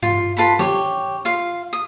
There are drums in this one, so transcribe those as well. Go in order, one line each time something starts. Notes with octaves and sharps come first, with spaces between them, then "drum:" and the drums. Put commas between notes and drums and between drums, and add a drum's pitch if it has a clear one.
F4, drum: tom G2
F4 A4 B4 B5
G4 C#5, drum: snare
F4 F5
D#6